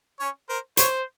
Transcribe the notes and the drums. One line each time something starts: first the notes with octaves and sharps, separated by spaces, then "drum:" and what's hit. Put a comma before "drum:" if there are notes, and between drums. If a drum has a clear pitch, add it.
C#4 C#5
A#4 C5
C5 C#5, drum: hi-hat